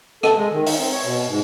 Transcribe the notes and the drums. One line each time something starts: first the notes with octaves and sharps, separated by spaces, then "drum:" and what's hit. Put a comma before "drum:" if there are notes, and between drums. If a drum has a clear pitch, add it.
A4, drum: rim click
G#3
D#3
D#4, drum: open hi-hat
C4
C#5
B2
G#2